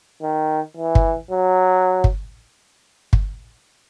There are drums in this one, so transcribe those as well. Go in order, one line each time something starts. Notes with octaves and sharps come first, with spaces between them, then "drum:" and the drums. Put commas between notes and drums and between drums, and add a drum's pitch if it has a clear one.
D#3
E3
drum: kick
F#3
drum: kick
drum: kick